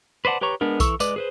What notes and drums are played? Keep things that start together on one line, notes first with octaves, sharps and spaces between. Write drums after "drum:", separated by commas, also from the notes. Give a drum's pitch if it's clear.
B4 C5 D5 F#5 A5
G4 B4 C#5 A#5 C#6
G#3 B3 D4 A#4
E3 A4 C#6 E6, drum: kick B1, tambourine
G#3 B4 D5 D6, drum: tambourine
G#4 B4 C5